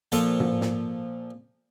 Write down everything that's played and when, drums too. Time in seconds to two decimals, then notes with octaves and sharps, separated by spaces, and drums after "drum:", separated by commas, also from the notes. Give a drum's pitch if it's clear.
0.12 A#2 F3 A4, drum: hi-hat
0.40 drum: tom
0.61 drum: snare